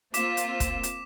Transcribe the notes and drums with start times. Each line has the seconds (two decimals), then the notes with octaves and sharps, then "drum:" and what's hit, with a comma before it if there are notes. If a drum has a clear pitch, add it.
0.14 A#3 C4 F4 D6 B6 E7, drum: hi-hat
0.37 drum: hi-hat
0.60 drum: kick, hi-hat
0.83 drum: hi-hat